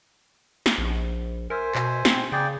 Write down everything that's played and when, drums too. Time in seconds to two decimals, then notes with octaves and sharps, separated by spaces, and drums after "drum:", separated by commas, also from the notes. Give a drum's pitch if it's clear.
0.66 drum: snare
0.78 A#1
1.50 A#4 C5 E5 G#5
1.75 B2, drum: clap
2.05 C4, drum: snare
2.32 C#3 G#4 D5 G5